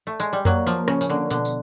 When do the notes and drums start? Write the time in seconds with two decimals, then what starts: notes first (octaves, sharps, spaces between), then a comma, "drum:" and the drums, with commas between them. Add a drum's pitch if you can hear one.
0.07 A3
0.20 G#3, drum: tambourine
0.33 G3
0.45 F#3 A#3, drum: tom F2
0.67 F3 A#3
0.88 C#3 C#4, drum: rim click
1.01 C#3, drum: tambourine
1.10 D3 A#3
1.31 B2 D3, drum: tambourine
1.45 drum: tambourine